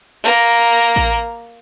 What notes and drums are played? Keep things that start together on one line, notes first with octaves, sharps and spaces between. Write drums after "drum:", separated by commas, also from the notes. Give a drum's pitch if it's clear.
A#3 A#5
drum: kick A1